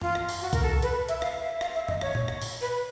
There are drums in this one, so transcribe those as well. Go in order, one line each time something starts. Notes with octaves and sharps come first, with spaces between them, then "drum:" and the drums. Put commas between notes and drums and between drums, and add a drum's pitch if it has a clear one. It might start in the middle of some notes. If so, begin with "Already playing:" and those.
F4, drum: tom F#2
drum: rim click
drum: open hi-hat
F#4
A#4, drum: kick C2, hi-hat
A4
B4, drum: hi-hat
E5, drum: hi-hat
F5, drum: rim click
E5
F5, drum: rim click
E5
D#5, drum: tom F#2
C#5, drum: rim click
drum: tom A#2
drum: rim click
drum: open hi-hat
B4